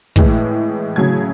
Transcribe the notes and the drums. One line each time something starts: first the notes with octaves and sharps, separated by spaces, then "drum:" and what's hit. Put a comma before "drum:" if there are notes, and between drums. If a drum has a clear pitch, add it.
A2 E3 G#3, drum: kick
C#3 F#3 A3 G#6